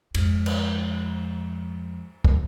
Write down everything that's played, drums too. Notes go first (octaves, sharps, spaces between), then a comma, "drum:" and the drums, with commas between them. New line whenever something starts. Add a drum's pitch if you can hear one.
F2 G#2, drum: cymbal
drum: cymbal
drum: kick